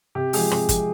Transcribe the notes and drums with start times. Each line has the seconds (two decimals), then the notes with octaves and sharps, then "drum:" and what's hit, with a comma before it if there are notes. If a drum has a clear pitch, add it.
0.15 C3 G4
0.33 F3 G#3 G#4, drum: open hi-hat
0.51 C3, drum: rim click
0.69 F3 G#3, drum: kick, hi-hat